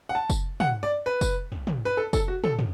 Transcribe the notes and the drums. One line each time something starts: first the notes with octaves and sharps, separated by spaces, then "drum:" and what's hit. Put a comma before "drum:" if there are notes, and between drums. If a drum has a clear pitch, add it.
F#5
A5
drum: kick, tambourine
F#5, drum: tom
D5
B4
drum: kick, tambourine
drum: tom
drum: tom
B4
A4
A4, drum: kick, tambourine
F#4
A4, drum: tom
drum: tom